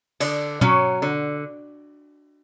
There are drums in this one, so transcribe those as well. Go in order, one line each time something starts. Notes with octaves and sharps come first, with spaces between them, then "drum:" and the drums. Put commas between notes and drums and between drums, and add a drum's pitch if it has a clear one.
D3 D5, drum: cymbal
F#3 C#4, drum: tom
D3